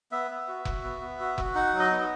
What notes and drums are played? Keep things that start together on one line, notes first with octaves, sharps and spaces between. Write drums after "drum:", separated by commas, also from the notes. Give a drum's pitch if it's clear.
B3 E5
B3
F#4
F#4, drum: kick F1
B3
B3
F#4
F#4, drum: kick F1
D#4 F#5
F#3
D#5
B3